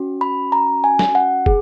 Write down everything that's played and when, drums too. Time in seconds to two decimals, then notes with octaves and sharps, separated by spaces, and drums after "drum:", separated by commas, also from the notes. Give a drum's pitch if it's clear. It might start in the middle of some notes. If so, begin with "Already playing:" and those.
Already playing: C#4 F#4
0.21 B5
0.52 A#5
0.84 G#5
0.99 drum: snare
1.15 F#5
1.46 G#4, drum: kick